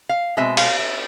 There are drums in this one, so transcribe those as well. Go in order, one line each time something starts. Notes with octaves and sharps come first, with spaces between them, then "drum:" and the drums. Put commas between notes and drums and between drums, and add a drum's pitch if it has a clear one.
F5
B2 G#3 C4 E5
F5, drum: cymbal
E5